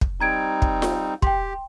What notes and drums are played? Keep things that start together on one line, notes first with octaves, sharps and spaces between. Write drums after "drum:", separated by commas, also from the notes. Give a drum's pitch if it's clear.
drum: kick
G3 C4 D#4 A#5 G#6 D7
drum: kick
drum: snare F4
G4 G5 C6, drum: kick